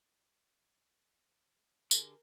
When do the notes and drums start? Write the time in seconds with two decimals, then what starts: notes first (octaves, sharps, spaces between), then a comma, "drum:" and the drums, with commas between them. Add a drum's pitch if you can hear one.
1.91 D3 G4 G#4 A#4, drum: tambourine